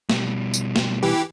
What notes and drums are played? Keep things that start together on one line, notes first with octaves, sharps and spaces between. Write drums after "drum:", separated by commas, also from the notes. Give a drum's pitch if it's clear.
B2 G3, drum: snare
drum: tambourine
drum: snare
E3 G4